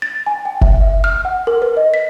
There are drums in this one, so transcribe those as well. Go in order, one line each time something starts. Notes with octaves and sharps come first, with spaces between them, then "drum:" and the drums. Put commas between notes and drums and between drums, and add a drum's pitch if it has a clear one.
A6
G#5
G5
E5, drum: kick F1
E5
F6
F#5
A#4
B4
D#5
B6